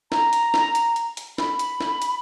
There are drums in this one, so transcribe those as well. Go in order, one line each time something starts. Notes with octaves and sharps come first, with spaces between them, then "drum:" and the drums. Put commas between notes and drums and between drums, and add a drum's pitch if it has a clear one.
A#5, drum: snare
drum: hi-hat
drum: snare
drum: hi-hat
drum: hi-hat
drum: hi-hat
B5, drum: snare
drum: hi-hat
drum: snare
drum: hi-hat